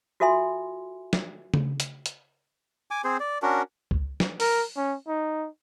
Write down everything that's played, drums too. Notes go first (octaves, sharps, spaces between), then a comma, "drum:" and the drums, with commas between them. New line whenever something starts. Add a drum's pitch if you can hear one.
F4 F#4 A4 E5 G#5 C6
drum: snare
drum: tom C#3
drum: hi-hat
drum: hi-hat
G#5 D6
C4 G#4 C5
D5
C#4 D4 F#4 A#4
drum: kick C#2
drum: snare
A#4, drum: open hi-hat
C#4
D#4